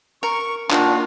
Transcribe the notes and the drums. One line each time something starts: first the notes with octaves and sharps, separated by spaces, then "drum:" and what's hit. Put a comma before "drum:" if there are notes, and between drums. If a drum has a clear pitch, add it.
A#4 C#6
A#2 D#3 D4 F4 F#4, drum: clap